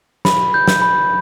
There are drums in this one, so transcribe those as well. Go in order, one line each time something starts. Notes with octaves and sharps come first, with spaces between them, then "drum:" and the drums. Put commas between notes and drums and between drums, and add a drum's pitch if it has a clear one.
B5, drum: snare
G6
drum: snare
B5